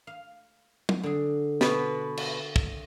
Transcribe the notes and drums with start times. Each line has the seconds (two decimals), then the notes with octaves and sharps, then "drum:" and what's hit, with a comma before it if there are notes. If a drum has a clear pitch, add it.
0.07 F5
0.89 drum: tom
1.03 D3 G#4
1.61 B2 B4, drum: snare
2.17 drum: cymbal
2.56 drum: kick